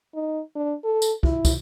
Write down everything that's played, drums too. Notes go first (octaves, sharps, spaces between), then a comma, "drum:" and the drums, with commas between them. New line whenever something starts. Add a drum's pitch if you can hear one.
D#4
D4
A4
drum: tambourine
E4, drum: kick
drum: kick, tambourine